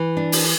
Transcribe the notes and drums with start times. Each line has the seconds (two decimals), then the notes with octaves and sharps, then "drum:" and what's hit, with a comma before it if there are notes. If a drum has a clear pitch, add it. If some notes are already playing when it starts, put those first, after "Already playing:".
Already playing: E3
0.17 D4
0.32 drum: open hi-hat